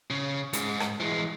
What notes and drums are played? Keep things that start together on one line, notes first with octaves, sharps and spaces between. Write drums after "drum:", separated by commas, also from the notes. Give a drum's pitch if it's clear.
C#3
G#2, drum: hi-hat
drum: rim click
E3 G#3